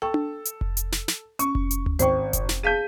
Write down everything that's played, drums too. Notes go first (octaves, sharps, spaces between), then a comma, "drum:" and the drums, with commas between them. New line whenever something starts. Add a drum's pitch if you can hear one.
A4 G5 C#6
drum: tom D4
drum: hi-hat
drum: kick F1
drum: hi-hat
drum: snare
drum: snare
C#4 C#6, drum: hi-hat
drum: kick F1
drum: hi-hat
drum: tom D2
G#1 C5 G5 C#6, drum: hi-hat
drum: kick F1, hi-hat
drum: snare
G#4 F5 A5 G6 B6 D#7